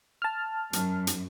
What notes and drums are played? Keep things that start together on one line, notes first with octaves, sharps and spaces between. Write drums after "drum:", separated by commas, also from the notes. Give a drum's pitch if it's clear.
A5 F6
F#2, drum: hi-hat
drum: hi-hat